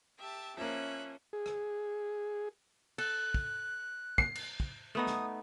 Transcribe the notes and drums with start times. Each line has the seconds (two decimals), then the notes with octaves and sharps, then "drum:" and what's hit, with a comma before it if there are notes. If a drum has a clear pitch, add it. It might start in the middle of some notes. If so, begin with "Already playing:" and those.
0.19 G4 E5 A5
0.57 F3 A#3 C#4 E5 F#6
1.33 G#4
1.46 drum: rim click
2.98 A4 F#6, drum: cymbal
3.34 drum: kick
4.18 C7, drum: kick
4.35 drum: cymbal
4.60 drum: kick
4.95 A3 B3 D#4 D#6
5.07 drum: snare